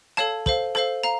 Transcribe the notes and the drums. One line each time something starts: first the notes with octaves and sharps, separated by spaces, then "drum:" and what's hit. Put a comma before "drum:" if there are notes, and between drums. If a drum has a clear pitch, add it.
A4 C#5 F5 A5, drum: rim click
A4 C5 F5, drum: kick
A4 C5 F5, drum: rim click
F5 A#5